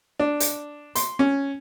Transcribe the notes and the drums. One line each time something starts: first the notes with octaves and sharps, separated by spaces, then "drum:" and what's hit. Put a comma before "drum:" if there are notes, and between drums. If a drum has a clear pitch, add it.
D4
drum: hi-hat
C6, drum: hi-hat
C#4